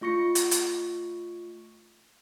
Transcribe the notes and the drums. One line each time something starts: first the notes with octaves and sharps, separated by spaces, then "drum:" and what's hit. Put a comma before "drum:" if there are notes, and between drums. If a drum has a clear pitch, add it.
A3 F4 C#6 A#6 C#7
drum: hi-hat
drum: hi-hat